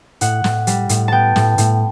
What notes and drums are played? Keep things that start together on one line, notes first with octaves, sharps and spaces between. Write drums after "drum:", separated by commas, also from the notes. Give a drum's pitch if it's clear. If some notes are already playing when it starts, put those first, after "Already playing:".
A2 F#5, drum: hi-hat
A2, drum: snare
G3, drum: hi-hat
A2, drum: hi-hat
B3 G5 A5
A2, drum: snare
A2, drum: hi-hat